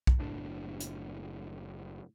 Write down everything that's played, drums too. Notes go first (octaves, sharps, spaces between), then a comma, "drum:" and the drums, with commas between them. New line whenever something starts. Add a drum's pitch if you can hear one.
drum: kick B1
F#1 A2 D4
drum: hi-hat